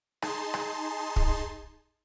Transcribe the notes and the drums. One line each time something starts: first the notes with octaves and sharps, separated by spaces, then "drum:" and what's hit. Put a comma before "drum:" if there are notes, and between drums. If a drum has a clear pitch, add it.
D#4 G#4 A5 C6, drum: rim click
drum: rim click
drum: kick